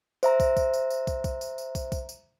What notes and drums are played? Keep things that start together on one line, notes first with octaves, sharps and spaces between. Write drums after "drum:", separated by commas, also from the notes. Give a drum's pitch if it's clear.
C5 E5 A#5, drum: tambourine
drum: kick, tambourine
drum: kick, tambourine
drum: tambourine
drum: tambourine
drum: kick, tambourine
drum: kick, tambourine
drum: tambourine
drum: tambourine
drum: kick, tambourine
drum: kick, tambourine
drum: tambourine